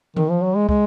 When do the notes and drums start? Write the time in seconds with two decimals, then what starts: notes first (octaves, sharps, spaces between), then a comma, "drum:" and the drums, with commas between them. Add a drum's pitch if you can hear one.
0.16 D#3, drum: tom E3
0.30 F3
0.43 F#3
0.55 G#3
0.69 G#3, drum: kick